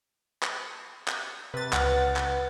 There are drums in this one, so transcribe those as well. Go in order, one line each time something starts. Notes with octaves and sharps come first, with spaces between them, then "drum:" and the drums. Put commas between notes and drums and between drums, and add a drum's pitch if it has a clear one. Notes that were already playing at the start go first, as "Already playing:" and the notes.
drum: clap
drum: clap
C3 B4 A6
C#2 F#5 F6, drum: clap
drum: clap